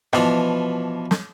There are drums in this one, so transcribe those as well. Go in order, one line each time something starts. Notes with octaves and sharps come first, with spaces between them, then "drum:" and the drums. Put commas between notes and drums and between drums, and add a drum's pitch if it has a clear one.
B2 E3 F3 D4, drum: rim click
drum: snare